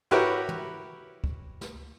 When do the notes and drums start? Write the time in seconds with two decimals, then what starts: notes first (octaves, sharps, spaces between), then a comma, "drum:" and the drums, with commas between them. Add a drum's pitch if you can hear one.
0.11 E4 F#4 G4 A#4 B4 C#5, drum: tom
0.49 drum: tom
1.24 drum: kick
1.61 drum: snare